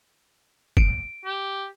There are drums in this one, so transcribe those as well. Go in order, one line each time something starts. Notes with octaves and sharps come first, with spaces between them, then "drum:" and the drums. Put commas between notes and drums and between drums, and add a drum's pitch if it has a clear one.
D7, drum: kick
G4